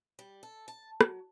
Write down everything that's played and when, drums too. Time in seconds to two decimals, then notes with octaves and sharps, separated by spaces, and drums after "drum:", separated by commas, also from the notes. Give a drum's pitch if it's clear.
0.19 G3
0.43 A4
0.68 A5
1.01 F#3, drum: rim click